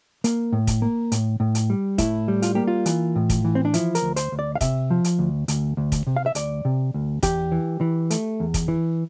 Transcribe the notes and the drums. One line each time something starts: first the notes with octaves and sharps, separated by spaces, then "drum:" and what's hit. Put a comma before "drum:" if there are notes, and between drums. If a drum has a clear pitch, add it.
A#3, drum: hi-hat
A2
drum: kick, hi-hat
A#3
A2, drum: hi-hat
A2
drum: hi-hat
G3
A2 E4, drum: kick, hi-hat
G3
F4, drum: hi-hat
A#3 G4
F4
E3, drum: hi-hat
A2
drum: kick, hi-hat
E3
C4
D4
F3 E4, drum: hi-hat
A#4, drum: hi-hat
D2
C5, drum: hi-hat
D2
D5
F5
C3 E5, drum: kick, hi-hat
F3
drum: hi-hat
D2
D2, drum: hi-hat
D2
drum: kick, hi-hat
C3
F5
E5
D2 D5, drum: hi-hat
C3
D2
E2 G4, drum: kick, hi-hat
E3
E3
A3, drum: hi-hat
E2
drum: kick, hi-hat
E3